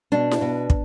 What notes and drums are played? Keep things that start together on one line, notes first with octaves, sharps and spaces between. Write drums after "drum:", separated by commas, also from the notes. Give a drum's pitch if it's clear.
B2 D4
drum: snare E4
B2
drum: kick